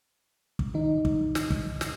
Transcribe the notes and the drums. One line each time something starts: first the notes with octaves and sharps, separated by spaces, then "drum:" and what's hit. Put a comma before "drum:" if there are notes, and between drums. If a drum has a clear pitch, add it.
drum: kick
D#3 D#4
drum: kick
drum: snare
drum: kick
drum: snare